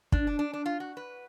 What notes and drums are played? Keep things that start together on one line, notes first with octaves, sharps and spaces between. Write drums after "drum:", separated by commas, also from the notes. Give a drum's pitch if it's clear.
D4, drum: kick
D4
D4
D4
F4
F#4
B4